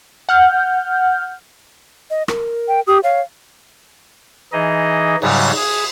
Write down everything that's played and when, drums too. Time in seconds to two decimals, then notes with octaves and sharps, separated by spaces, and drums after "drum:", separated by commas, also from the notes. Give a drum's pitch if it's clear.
0.29 F#5 F6 G6
2.10 D#5
2.28 A#4, drum: rim click
2.68 G5
2.87 G4 D#6
3.03 C#5 F5
4.52 E3 D#4 G#4 D#5
5.22 G#2 C#3 F#3 G3, drum: cymbal
5.56 G#4